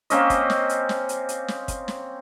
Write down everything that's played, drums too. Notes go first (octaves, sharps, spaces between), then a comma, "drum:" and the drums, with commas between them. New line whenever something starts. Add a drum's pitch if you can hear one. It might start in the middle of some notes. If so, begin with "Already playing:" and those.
A#3 C4 C#4 D#5, drum: hi-hat
drum: kick, hi-hat
drum: snare
drum: hi-hat
drum: snare
drum: hi-hat
drum: hi-hat
drum: snare
drum: kick, hi-hat
drum: snare